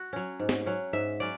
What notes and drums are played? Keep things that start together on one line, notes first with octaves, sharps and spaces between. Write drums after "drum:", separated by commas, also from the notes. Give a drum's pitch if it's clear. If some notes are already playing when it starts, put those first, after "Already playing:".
Already playing: F#4
F#3 C#4
G#2
drum: snare
F#3 C#4
G#2 E5
F#3 C#4 D5